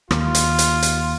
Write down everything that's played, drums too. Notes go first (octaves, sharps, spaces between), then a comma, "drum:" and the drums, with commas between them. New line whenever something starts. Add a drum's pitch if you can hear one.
D#2 F4, drum: rim click
drum: hi-hat
drum: hi-hat
drum: hi-hat